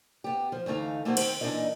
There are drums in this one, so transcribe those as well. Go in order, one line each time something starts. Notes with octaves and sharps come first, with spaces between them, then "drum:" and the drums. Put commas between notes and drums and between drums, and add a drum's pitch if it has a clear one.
B3 G4
F3
D2 E3 A3 D#4 F5
A3 A#3 D#4 E4 F#4 C5
D#3 C4 D#4, drum: cymbal
A#2 E3 D4 D#4 A#4 D#5